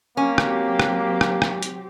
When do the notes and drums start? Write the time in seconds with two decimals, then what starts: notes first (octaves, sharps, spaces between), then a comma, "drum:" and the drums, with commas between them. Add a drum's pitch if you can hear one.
0.17 F#3 A#3 C4 C#4 G4
0.38 drum: rim click
0.80 drum: rim click
1.21 drum: rim click
1.42 drum: rim click
1.63 drum: hi-hat